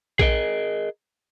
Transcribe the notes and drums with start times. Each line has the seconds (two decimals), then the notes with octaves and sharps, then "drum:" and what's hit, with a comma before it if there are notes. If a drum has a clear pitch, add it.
0.19 G#4 A#4 D#5, drum: kick A#1